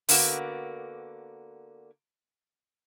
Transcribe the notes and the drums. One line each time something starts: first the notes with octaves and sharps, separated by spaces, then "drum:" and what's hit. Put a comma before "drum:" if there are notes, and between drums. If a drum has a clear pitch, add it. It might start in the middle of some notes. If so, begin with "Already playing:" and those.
D3 A#3 B3 F#4, drum: open hi-hat